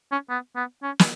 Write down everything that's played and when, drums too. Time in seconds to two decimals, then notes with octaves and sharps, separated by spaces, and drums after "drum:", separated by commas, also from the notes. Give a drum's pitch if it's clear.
0.12 C#4
0.29 B3
0.55 B3
0.82 C#4
0.99 drum: snare